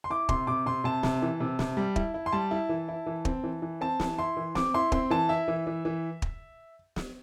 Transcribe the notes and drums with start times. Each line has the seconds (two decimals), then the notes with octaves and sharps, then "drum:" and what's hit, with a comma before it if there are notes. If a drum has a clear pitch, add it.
0.04 C6
0.10 E4 D6
0.29 C3 C6, drum: kick
0.47 C3 D6
0.66 C3 C6
0.84 C3 A5
1.03 C3, drum: snare
1.22 E3
1.40 C3
1.59 C3, drum: snare
1.77 G3
1.96 E4, drum: kick
2.14 E4
2.26 C6
2.32 G3 A5
2.51 E4
2.69 E3
2.89 E4
3.06 E3
3.25 C4, drum: kick
3.44 E3
3.62 E3
3.81 C4 A5
4.00 E3, drum: snare
4.18 E4 C6
4.37 E3
4.55 C4 D6, drum: snare
4.74 E4 C6
4.92 C4 C6, drum: kick
5.10 E3 A5
5.29 E4 E5
5.48 E3
5.67 E3
5.85 E3
6.22 drum: kick
6.96 drum: snare